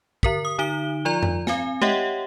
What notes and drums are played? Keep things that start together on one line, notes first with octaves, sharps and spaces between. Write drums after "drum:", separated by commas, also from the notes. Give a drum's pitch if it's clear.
D3 A#4 B6, drum: kick
D#6
D3 D#4 D7 G7
F3 F4 D5 A#5
drum: tom F2
C4 F5 G#5, drum: snare
G4 C#5 D#5 E5 F#5 G5, drum: tom G#3